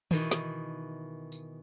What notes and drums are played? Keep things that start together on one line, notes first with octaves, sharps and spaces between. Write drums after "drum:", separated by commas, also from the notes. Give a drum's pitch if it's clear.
B2 D#3 E3, drum: tom D#3
drum: snare
drum: tambourine